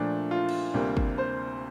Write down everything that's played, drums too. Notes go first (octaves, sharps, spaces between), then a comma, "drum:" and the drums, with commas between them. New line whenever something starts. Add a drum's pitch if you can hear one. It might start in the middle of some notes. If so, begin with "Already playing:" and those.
Already playing: A#2 F3 A3 D4
F4
drum: cymbal
D2 C3 G3 A#3
drum: kick G1
C5